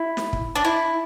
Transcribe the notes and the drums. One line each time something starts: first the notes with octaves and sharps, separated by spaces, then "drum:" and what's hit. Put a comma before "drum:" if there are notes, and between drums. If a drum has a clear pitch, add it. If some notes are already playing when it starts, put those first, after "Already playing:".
Already playing: E4
drum: snare
drum: kick
D4
E4